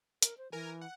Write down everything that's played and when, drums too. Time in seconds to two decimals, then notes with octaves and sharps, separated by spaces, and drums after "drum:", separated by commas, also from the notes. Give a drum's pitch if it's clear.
0.22 A#4, drum: hi-hat
0.38 C5
0.52 E3 A#4 G#5
0.81 F#5